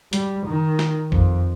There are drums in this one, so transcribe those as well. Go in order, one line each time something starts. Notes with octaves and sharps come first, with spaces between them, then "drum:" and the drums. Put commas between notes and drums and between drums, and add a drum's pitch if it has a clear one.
G3, drum: hi-hat
D#3
drum: snare
F2, drum: kick A1